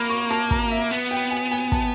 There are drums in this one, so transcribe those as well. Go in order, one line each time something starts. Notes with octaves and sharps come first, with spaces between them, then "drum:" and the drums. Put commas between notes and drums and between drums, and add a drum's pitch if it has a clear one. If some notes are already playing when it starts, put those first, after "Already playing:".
Already playing: A#3 B5
C#6
A5, drum: rim click
A#5, drum: kick
E5
B3
G5
G#5
G#5
A5, drum: kick